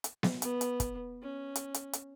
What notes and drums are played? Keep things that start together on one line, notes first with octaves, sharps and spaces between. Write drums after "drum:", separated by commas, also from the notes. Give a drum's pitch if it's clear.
drum: hi-hat
drum: snare B3
B3, drum: hi-hat
drum: hi-hat
drum: kick, hi-hat
C#4
drum: hi-hat
drum: hi-hat
drum: hi-hat